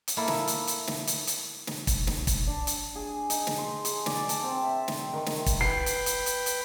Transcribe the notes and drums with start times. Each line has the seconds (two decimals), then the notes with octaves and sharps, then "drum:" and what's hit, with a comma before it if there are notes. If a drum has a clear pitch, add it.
0.08 drum: hi-hat
0.17 A#3 E4 A4
0.28 drum: snare
0.48 drum: hi-hat
0.67 drum: hi-hat
0.87 drum: snare
1.07 drum: hi-hat
1.27 drum: hi-hat
1.67 drum: snare
1.87 drum: kick, hi-hat
2.07 drum: snare
2.27 drum: kick, hi-hat
2.47 D4
2.67 drum: hi-hat
2.95 G#4
3.30 D#4, drum: hi-hat
3.47 drum: snare
3.58 C6
3.85 G#4, drum: hi-hat
4.06 D5, drum: snare
4.29 A5, drum: hi-hat
4.43 C4
4.63 E5
4.88 G5, drum: snare
5.13 D#3
5.26 drum: snare
5.46 drum: kick, hi-hat
5.61 B4 G5 C7
5.86 drum: hi-hat
6.06 drum: hi-hat
6.26 drum: hi-hat
6.46 drum: hi-hat